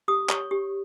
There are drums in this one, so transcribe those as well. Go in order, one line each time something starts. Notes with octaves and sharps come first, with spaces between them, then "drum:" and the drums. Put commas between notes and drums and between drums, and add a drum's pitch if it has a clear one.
G4 D#6
C#5 C#6, drum: clap
G4